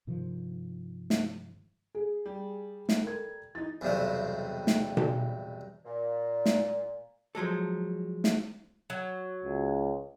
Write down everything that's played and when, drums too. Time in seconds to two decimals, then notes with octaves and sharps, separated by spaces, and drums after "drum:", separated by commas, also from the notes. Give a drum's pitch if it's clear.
0.07 G2 C3 D#3 F3
1.10 drum: snare
1.95 G#4
2.26 G3
2.89 drum: snare
3.03 A4 A#4 G#6
3.55 E3 D#4 A6
3.81 B1 E2 G2 C3 A3
4.67 drum: snare
4.97 drum: tom B2
5.85 A#2
6.46 drum: snare
7.35 F3 F#3 G#3 A4
8.24 drum: snare
8.90 F#3
9.45 C#2